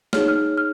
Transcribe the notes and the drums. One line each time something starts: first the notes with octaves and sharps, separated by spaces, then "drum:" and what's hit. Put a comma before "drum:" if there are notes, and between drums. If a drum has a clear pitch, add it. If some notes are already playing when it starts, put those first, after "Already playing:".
D#4 G#4 C#5 F6, drum: snare
F6
F6